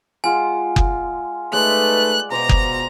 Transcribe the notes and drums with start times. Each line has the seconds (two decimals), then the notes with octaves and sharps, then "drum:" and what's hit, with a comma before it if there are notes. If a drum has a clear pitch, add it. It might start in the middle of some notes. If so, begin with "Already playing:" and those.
0.24 G#3 F4 F#5 G#5
0.76 drum: kick F#1
1.53 G#3 A3 D#4 B4 D5 F#6
2.32 B2 C5 A#5 D6
2.49 drum: kick F#1